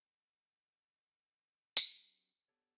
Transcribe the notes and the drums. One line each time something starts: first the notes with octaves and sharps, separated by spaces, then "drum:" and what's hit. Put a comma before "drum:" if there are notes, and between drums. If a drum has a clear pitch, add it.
F#3 C4 D4 G4 A#4, drum: tambourine
B3 D4 G4 A4 C#5